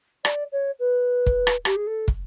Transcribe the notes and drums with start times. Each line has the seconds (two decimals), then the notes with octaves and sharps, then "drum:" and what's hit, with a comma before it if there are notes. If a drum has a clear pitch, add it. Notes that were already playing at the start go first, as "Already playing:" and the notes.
0.25 D5, drum: rim click
0.52 C#5
0.79 B4
1.26 drum: kick
1.47 drum: rim click
1.65 G4, drum: rim click
1.76 G#4
1.87 A4
2.08 drum: kick